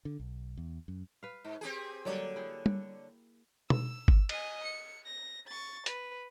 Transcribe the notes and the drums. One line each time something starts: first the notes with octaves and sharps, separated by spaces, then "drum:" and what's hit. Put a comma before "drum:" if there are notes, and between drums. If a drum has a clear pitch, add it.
D3
B1
E2
F#2
B4 F5
G#2
C4 G4 G#4
D3 F#3 G3 A#3 C#5 D5
E4 G#4 G5
drum: tom
E6, drum: tom B2
drum: kick G1
D#5 G#5, drum: cymbal
C#7
A#6
C#6 A6
B4, drum: hi-hat